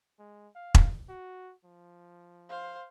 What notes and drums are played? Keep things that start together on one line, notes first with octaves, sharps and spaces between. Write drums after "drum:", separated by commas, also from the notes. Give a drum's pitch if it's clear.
G#3
F5
drum: kick E1
F#4
F3
C5 F5